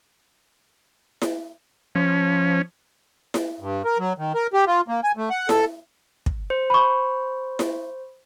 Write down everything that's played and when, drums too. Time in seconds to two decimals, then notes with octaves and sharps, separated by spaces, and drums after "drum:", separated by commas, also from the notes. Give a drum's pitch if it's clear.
1.22 drum: snare E4
1.95 F3 C#4
3.34 drum: snare E4
3.60 G2
3.85 A#4
3.99 F#3
4.18 D#3
4.34 A#4
4.53 G4
4.67 F4
4.88 A#3
5.04 G#5
5.17 A3
5.30 F#5
5.49 A4, drum: snare E4
6.26 drum: kick
6.50 C5
6.70 B5 C#6
7.59 drum: snare E4